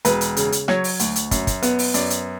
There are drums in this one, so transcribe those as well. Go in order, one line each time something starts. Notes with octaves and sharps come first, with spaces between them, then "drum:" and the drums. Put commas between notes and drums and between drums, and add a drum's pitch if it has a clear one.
E1 B4, drum: hi-hat
drum: hi-hat
C#3, drum: hi-hat
drum: hi-hat
F#3 C#5, drum: rim click
drum: open hi-hat
D2, drum: hi-hat
drum: hi-hat
F#2, drum: kick, hi-hat
drum: kick, hi-hat
B3, drum: hi-hat
drum: open hi-hat
F#2 D5, drum: hi-hat
drum: hi-hat